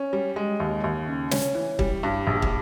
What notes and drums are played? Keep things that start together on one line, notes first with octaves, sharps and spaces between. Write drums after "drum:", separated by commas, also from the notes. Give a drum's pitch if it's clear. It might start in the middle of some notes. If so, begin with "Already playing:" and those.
Already playing: C#4
G3
G#3
D#2
D#2
C#3
C#4, drum: snare
E3
G3, drum: kick
G2
A#1
drum: kick